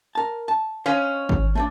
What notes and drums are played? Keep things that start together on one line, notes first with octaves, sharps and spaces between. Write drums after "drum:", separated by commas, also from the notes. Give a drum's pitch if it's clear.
A#4 A5
A5
C#4 C5 D#5 F5
drum: kick G#1
A3 C4 D4